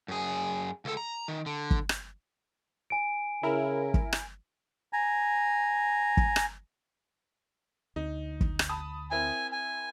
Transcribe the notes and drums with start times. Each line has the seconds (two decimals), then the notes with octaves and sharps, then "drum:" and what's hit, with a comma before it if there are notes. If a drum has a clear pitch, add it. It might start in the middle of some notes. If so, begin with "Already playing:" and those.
0.08 F#2 G#4
0.85 C#2 A4
0.97 A#5
1.28 D#3
1.46 D3
1.71 drum: kick
1.89 drum: rim click
2.90 G#5 D7
3.43 C#3 E4 A#4
3.94 drum: kick
4.13 drum: rim click
4.93 G#5 A#5
6.17 drum: kick
6.36 drum: rim click
7.96 D2 D#4
8.41 drum: kick
8.59 drum: rim click
8.69 A5 B5 D#6
9.11 C4 E4 A#4 G#5
9.52 G#5